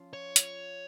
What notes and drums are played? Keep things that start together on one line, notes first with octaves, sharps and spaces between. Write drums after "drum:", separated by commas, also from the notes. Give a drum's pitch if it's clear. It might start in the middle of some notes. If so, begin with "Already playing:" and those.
Already playing: F3 C#4 F4
C#5
drum: hi-hat